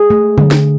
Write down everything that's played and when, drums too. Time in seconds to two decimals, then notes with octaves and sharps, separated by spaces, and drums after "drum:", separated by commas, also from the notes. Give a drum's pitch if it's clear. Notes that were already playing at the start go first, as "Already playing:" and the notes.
Already playing: G#4
0.10 A3
0.38 D3, drum: tom
0.51 drum: snare